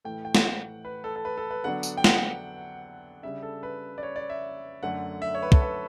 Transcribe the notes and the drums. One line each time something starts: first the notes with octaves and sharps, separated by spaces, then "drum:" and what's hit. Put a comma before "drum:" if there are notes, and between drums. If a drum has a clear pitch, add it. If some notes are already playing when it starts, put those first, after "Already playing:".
A2 E3 A3 G5
G5
F#5, drum: snare
B4
A4
A4
B4
A4
B4
D3 F#3 B3 D4 F#5
drum: tambourine
G5
F#5, drum: snare
C#3 G3 D4 E5
A4
B4
D5
C#5
D5
E5
F#2 D3 A3 F#5
E5
C#5
B4
A4, drum: kick
B4